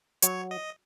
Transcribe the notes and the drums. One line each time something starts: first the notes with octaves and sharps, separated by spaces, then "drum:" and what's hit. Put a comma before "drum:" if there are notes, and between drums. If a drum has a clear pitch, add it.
F#3 C#5, drum: hi-hat
D#5